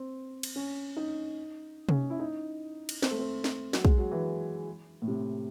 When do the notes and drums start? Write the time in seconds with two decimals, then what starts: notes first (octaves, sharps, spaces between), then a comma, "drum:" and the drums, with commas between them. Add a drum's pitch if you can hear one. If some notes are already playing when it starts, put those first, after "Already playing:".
Already playing: C4
0.43 drum: cymbal
0.56 C#4
0.97 D#4
1.89 C#4, drum: tom C3
2.10 E4
2.20 D#4
2.89 drum: cymbal
3.02 C4, drum: snare
3.11 A3
3.19 C4
3.44 drum: snare
3.73 F#3, drum: snare
3.85 G#3, drum: kick
3.98 F#3
4.11 E3
5.02 A2
5.08 C3